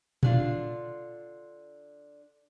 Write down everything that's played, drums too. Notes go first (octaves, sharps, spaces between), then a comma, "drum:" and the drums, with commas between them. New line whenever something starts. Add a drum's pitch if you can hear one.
D3 D4 F4, drum: tom A#2